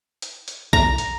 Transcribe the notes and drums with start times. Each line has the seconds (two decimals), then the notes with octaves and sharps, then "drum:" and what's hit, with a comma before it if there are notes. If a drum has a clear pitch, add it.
0.22 drum: hi-hat
0.48 drum: hi-hat
0.73 A#5, drum: kick B1
0.98 drum: hi-hat